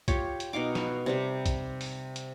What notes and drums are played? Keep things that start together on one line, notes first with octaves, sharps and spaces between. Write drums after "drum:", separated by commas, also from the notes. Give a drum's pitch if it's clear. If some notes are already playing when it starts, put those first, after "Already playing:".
F4 G4 C#5, drum: kick, hi-hat
drum: hi-hat
B2 D#4 F5 D6
B4 F5, drum: snare
C3 G3 G4
drum: kick, hi-hat
drum: open hi-hat
drum: hi-hat